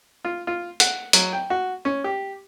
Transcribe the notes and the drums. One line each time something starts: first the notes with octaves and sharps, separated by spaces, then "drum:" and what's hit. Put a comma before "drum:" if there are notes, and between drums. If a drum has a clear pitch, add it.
F4
F4
F#5, drum: hi-hat
F#3, drum: hi-hat
G5
F#4
C#4
G4